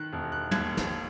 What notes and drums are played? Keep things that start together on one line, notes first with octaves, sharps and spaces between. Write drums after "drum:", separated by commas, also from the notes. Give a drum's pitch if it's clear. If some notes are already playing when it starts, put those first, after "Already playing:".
Already playing: D#3 F#6
E1
F#6
D#2 G#6, drum: tom
drum: snare